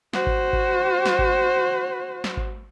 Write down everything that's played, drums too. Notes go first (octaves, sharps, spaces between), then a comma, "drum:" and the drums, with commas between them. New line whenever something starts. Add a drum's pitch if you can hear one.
F#4 C5, drum: snare
drum: kick G#1
drum: kick G#1
drum: snare
drum: kick G#1
drum: snare
drum: kick G#1